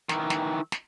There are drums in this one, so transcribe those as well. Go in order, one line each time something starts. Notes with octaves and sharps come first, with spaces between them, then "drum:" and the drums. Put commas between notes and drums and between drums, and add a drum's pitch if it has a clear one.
D#3 E3, drum: snare
drum: snare
drum: snare